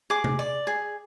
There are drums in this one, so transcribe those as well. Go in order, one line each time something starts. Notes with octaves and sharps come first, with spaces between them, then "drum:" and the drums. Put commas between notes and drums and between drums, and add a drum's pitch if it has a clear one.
G#4 D6
drum: tom C3
D5
G#4